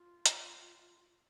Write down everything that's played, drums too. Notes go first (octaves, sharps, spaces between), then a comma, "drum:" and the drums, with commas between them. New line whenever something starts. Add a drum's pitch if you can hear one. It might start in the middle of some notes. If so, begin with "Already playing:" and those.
Already playing: F4
drum: hi-hat